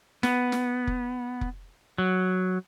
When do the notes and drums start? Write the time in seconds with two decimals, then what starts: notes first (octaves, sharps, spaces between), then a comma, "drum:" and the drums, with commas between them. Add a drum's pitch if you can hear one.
0.23 B3, drum: snare
0.52 drum: snare
0.87 drum: kick F1
1.41 drum: kick F1
1.98 F#3